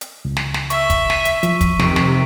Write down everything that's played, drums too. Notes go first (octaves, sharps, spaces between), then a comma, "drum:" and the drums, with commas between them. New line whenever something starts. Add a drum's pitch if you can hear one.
drum: hi-hat
C#2
drum: snare
drum: snare
E5 C#6 E6, drum: hi-hat
drum: kick, hi-hat
B6 D#7, drum: snare
drum: hi-hat
F3, drum: hi-hat
drum: kick, hi-hat
F2 C3 D#3 C#6 D7, drum: snare
drum: snare